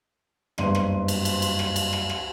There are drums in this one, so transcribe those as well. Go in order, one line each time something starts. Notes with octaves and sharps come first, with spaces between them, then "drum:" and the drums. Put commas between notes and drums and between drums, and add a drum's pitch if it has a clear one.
F#1 G2 B3 C6 D#7, drum: rim click
drum: rim click
drum: cymbal
drum: cymbal
drum: cymbal
drum: rim click
drum: cymbal
drum: rim click
drum: rim click